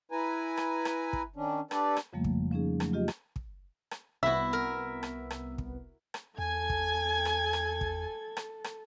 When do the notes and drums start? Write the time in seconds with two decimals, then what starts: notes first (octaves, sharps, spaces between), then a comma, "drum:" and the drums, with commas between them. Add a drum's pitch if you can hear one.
0.12 E4 B4 G#5 A#5
0.57 drum: rim click
0.85 drum: rim click
1.13 drum: kick
1.36 D#3 C#4 D4
1.71 D4 G4 A4 B4 D5, drum: rim click
1.97 drum: rim click
2.13 F2 C#3 F3 G3 A3 A#3
2.24 drum: kick
2.51 F3 C#4 D#4 G#4
2.80 F#3 A3, drum: rim click
2.93 F4 G4 D#5
3.08 drum: rim click
3.36 drum: kick
3.91 drum: rim click
4.23 C2 B3 E4 F#4 E5
4.53 A#4
5.03 drum: rim click
5.30 drum: rim click
5.58 drum: kick
6.14 drum: rim click
6.38 E2 A4 G#5 G#6
6.70 drum: kick
7.25 drum: rim click
7.53 drum: rim click
7.81 drum: kick
8.37 drum: rim click
8.64 drum: rim click